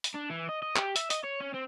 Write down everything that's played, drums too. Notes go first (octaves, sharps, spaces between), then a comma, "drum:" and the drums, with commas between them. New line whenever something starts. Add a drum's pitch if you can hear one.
drum: hi-hat
D4
E3
D#5
D#5
G4, drum: clap
E5, drum: hi-hat
D#5, drum: hi-hat
C#5
C#4
C4